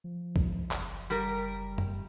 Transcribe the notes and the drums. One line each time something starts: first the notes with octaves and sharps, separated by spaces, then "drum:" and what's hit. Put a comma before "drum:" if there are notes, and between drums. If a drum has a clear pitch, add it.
F3
drum: kick C2
F#1, drum: clap
G3 A#4
drum: tom F#2